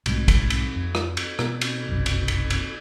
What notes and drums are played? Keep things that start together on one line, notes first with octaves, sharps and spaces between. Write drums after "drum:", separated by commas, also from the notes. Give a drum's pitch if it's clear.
B1 G#2 F#3 A3, drum: cymbal
drum: kick, cymbal
drum: cymbal
F2
drum: rim click
drum: cymbal
B2 B3, drum: rim click
drum: cymbal
F1 B1 F#2
drum: cymbal
drum: cymbal
drum: cymbal